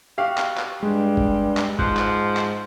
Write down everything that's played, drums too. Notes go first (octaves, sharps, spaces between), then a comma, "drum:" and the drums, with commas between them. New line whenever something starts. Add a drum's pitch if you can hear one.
F#4 G4 F5
drum: clap
drum: clap
G2 G3 G#3
drum: kick
drum: clap
G#2 F3 F#6, drum: kick
drum: clap
drum: clap